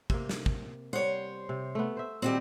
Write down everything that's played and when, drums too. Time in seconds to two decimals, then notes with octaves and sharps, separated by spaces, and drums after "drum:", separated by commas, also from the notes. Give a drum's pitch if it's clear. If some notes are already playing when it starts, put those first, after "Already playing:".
0.10 C3 A#3, drum: kick
0.29 drum: snare
0.46 drum: kick
0.93 G3 C5 C#5 F#5
1.49 C3
1.75 A3 B3
1.97 C5 E5
2.22 A#2 D#3 G3 C4 F#4 G4